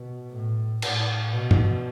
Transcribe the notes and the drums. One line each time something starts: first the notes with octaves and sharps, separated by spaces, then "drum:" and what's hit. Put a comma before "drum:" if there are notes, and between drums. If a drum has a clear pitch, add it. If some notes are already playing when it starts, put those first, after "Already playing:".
Already playing: B2
A2
A2, drum: cymbal
B2
drum: tom G2